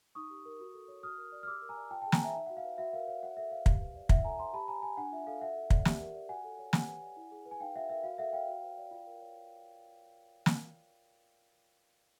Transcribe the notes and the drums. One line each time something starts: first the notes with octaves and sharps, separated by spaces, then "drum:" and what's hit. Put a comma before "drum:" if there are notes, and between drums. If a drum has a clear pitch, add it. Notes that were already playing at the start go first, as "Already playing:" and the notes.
D#4 C#6 D#6
G4
A#4
F#4
A4
C#5
F#4 D#6 F6
A#4
D5
F6
G4 D6 E6
A#4
G#5 A#5
D5
F4 G5 A5
G5 A5
G#4
G#5 A#5, drum: snare
C5 E5
D#4 E5
F#4 F#5
F5
B4
F#4 E5 F#5
A#4 F5
C#5 F5
F#4 E5 F#5
A4 E5
C5 F5
G4, drum: kick
B4
D5
E4 E5 F#5, drum: kick
A4 G#5 A#5
C5 A#5 C6
G4 A5 B5
C5 G#5 A#5
G4 G#5 A#5
D4 F#5 G#5
F4 E5
A4 F5
F#4 E5 F#5
A4
D5, drum: kick
G4, drum: snare
A#4
D5
F#4 F#5 G#5
A4
C#5
G4 F#5 G#5, drum: snare
B4
D5
E4
G#4
B4
G#5
D#4 F5 G5
F#4 E5 F#5
A#4 E5
F#4 F5
A4 E5 F#5
C#5 F5 G5
F#4
B4
D5
F4
A#4
C#5
drum: snare